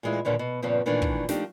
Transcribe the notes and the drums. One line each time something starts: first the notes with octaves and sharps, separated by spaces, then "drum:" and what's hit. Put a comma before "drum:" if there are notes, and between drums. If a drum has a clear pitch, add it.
A#2 E3 G#3 A3 E4
D#2 A#2 D3 E3
B2
G2 A#2 C#3 F3 B3 C4
A#2 D#3 E3 A3 D4
drum: kick
F3 A3 D4 D#4 G4, drum: snare